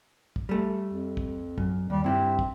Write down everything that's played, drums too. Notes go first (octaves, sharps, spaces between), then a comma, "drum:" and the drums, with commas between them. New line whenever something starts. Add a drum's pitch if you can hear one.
drum: kick
G3 A3
F2
drum: kick
F#2, drum: kick
D#2 G3
G2 C4 E4 G4
drum: kick